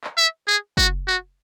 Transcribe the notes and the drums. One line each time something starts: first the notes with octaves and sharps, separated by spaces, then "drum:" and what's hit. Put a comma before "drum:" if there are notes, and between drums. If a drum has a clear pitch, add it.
drum: clap
E5
G#4
F#4, drum: kick F#1
F#4